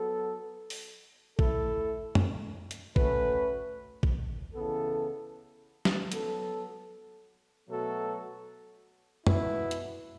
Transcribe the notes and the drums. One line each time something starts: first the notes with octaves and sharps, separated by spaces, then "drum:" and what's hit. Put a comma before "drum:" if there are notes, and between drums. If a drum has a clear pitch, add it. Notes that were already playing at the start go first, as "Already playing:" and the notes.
Already playing: F#3 B3 A4
drum: open hi-hat
A3 E4 A4, drum: kick A1
drum: tom
drum: hi-hat
A3 C#4 F#4 B4, drum: kick A1
drum: kick A1
C#3 E3 B3 A4
drum: snare
F#3 B3 A4, drum: hi-hat
B2 F#3 A3 F#4 A4
B2 B3 E4, drum: tom
drum: hi-hat